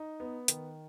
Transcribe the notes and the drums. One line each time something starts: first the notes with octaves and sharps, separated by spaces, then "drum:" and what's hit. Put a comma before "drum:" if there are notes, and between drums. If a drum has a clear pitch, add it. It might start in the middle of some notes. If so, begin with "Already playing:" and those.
Already playing: D#4
B3
D#3, drum: hi-hat